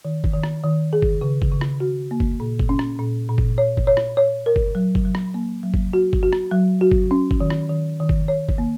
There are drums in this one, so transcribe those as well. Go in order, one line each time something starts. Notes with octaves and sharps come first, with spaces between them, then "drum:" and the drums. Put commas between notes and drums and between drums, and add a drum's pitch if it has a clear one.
D#3
drum: kick G1
D#3
drum: rim click
D#3
G#4
drum: kick G1
C#3
drum: kick G1
C#3
drum: rim click
F#4
A#3
drum: kick G1
A#2
drum: kick G1
C#4
drum: rim click
A#2
A#2
drum: kick G1
C#5
drum: kick G1
C#5
drum: rim click
C#5
A#4
drum: kick G1
F#3
drum: kick G1
F#3
drum: rim click
A#3
F#3
drum: kick G1
F#4
drum: kick G1
F#4
drum: rim click
F#3
F#4
drum: kick G1
C#4
drum: kick G1
D#3
drum: rim click
D#3
D#3
drum: kick G1
C#5
drum: kick G1
A#3